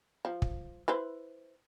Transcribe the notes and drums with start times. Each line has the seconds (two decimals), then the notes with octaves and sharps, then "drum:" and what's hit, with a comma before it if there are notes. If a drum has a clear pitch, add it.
0.25 F3
0.42 drum: kick
0.88 E4 B4 C5